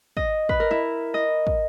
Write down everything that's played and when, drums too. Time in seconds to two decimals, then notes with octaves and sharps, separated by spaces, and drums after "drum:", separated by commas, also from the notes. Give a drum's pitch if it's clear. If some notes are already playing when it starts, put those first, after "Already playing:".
0.17 D#5, drum: kick
0.49 B4, drum: kick
0.60 A#4
0.71 E4
1.14 D#5
1.47 drum: kick